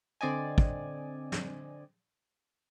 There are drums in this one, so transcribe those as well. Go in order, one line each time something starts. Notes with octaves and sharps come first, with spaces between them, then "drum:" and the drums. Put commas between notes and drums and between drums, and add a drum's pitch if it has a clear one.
D3 C4 D5 D#5 G#5
drum: kick
drum: snare